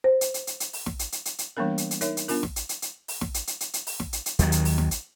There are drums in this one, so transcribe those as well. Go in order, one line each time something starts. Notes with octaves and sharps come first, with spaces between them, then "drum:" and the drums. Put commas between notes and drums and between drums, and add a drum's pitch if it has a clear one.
C5
drum: hi-hat
drum: hi-hat
drum: hi-hat
drum: hi-hat
drum: open hi-hat
drum: snare
drum: hi-hat
drum: hi-hat
drum: hi-hat
drum: hi-hat
E3 G3 A#3 B3 D4 A#4
drum: hi-hat
drum: hi-hat
D#4 A#4 C#5 E5, drum: hi-hat
drum: hi-hat
B3 D4 F4 A#4, drum: open hi-hat
drum: snare
drum: hi-hat
drum: hi-hat
drum: hi-hat
drum: open hi-hat
drum: snare
drum: hi-hat
drum: hi-hat
drum: hi-hat
drum: hi-hat
drum: open hi-hat
drum: snare
drum: hi-hat
drum: hi-hat
D#2 D#3 F#3, drum: hi-hat
drum: hi-hat
drum: open hi-hat
drum: snare
drum: hi-hat